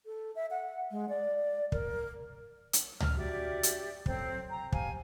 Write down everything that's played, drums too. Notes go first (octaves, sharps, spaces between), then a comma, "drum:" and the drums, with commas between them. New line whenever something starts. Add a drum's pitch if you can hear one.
A4
E5
F#5
G#3
D5
A#4, drum: kick
drum: hi-hat
F6, drum: tom C#2
D4 F#4 G4 D5 E5
drum: hi-hat
F2 F#3 C4, drum: kick
G5 A#5
G4 C5 F5 G#5, drum: kick